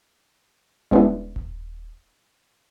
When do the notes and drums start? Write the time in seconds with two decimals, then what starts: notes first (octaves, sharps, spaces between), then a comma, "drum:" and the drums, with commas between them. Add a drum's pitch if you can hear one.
0.91 G3 G#3 B3 C#4 D4 E4, drum: kick D#1
1.36 drum: kick D#1